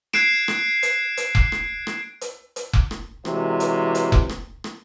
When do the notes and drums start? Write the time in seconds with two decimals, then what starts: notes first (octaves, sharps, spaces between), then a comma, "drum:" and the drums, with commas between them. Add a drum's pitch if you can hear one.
0.13 F#6 G#6 C7 D7 E7, drum: rim click
0.48 drum: rim click
0.83 drum: hi-hat
1.17 drum: hi-hat
1.35 drum: kick F1
1.52 drum: rim click
1.87 drum: rim click
2.21 drum: hi-hat
2.56 drum: hi-hat
2.73 drum: kick F1
2.91 drum: rim click
3.25 C3 E3 F#3 G#3, drum: rim click
3.60 drum: hi-hat
3.95 drum: hi-hat
4.12 drum: kick F1
4.29 drum: rim click
4.64 drum: rim click